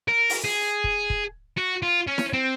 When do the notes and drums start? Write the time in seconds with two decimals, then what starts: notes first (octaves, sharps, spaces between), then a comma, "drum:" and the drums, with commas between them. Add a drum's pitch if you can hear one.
0.08 A#4
0.30 drum: open hi-hat
0.45 G#4
0.84 drum: kick
1.10 drum: kick
1.58 F#4
1.83 F4
2.07 C#4
2.18 drum: snare E4
2.33 C4